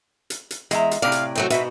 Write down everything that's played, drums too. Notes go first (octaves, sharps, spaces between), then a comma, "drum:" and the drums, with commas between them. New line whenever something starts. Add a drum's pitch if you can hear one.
drum: hi-hat
drum: hi-hat
E2 G#3 E5 A#5, drum: hi-hat
drum: hi-hat
A2 C3 D5 F5
drum: hi-hat
F#3 A3 C4
G#2 B2 F#4 B4 E5, drum: hi-hat